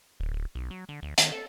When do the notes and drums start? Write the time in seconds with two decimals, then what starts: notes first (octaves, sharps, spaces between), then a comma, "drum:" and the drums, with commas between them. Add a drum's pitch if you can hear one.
0.20 D1
0.33 D1
0.55 B1
0.71 F#3
0.89 D3
1.02 D2
1.18 D#3, drum: hi-hat
1.32 A4